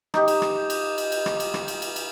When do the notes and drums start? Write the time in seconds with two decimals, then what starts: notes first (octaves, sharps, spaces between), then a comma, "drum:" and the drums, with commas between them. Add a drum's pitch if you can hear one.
0.14 D#4 G4, drum: rim click
0.28 drum: cymbal
0.42 drum: rim click
0.70 drum: cymbal
0.98 drum: cymbal
1.12 drum: cymbal
1.26 drum: rim click
1.40 drum: cymbal
1.54 drum: rim click
1.68 drum: cymbal
1.82 drum: cymbal
1.96 drum: cymbal